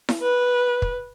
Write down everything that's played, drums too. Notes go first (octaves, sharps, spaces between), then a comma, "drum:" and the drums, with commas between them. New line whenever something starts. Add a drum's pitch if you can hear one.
drum: snare E4
B4
drum: kick